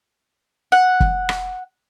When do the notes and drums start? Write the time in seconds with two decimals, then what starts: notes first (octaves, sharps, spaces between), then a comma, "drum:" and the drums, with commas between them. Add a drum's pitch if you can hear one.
0.72 F#5
1.00 drum: kick
1.29 drum: rim click